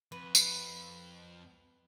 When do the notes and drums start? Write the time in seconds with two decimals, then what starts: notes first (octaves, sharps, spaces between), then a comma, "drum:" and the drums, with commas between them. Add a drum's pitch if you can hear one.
0.12 F2 B4
0.35 drum: tambourine